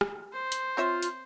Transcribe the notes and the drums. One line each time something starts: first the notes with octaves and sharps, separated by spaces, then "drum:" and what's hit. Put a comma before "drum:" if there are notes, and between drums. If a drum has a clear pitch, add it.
drum: rim click
C5
drum: hi-hat
C4 F4 C#5 E5
drum: hi-hat